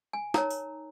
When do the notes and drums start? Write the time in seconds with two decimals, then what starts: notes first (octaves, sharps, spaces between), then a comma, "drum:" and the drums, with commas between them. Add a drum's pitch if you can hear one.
0.13 G#5
0.34 D#4 A#4 C#5 A#5, drum: snare
0.50 drum: tambourine